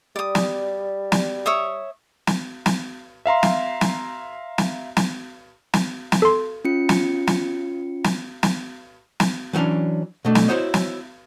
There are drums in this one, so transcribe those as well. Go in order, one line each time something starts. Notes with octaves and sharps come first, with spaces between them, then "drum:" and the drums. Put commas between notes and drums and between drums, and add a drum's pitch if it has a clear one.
G3 D5 D#6
drum: snare
drum: snare
C#5 E5 D#6
drum: snare
drum: snare
E5 F5 A#5 C6
drum: snare
drum: snare
drum: snare
drum: snare
drum: snare
drum: snare
A4 C6
C#4 F4 C#7
drum: snare
drum: snare
drum: snare
drum: snare
drum: snare
E3 F#3 A3 C#4 D4
B2 A3 D4
drum: snare
E4 F#4 G4 C5 C#5 D#5
drum: snare